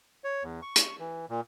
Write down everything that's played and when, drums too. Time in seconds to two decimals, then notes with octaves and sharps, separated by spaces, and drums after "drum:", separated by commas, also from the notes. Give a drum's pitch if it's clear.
0.24 C#5
0.44 E2
0.62 C#6
0.76 drum: hi-hat
0.99 E3
1.29 A#2